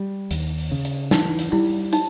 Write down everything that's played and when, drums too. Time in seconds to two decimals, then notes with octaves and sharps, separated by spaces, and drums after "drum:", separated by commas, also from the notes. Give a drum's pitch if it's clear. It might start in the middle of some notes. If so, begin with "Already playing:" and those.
Already playing: G3
0.31 D#2, drum: hi-hat
0.58 drum: open hi-hat
0.71 C#3
0.85 drum: hi-hat
1.11 E3 D#4, drum: snare
1.39 drum: hi-hat
1.52 G3 E4
1.66 drum: open hi-hat
1.93 D#4, drum: hi-hat